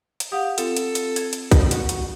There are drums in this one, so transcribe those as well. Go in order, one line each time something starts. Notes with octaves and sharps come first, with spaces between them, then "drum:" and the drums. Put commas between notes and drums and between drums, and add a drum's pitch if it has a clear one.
drum: hi-hat
G4 F5 F#5 D#6
C4 F4 A4, drum: hi-hat
drum: hi-hat
drum: hi-hat
G#6, drum: hi-hat
drum: hi-hat
drum: kick, hi-hat
F#4, drum: hi-hat
drum: hi-hat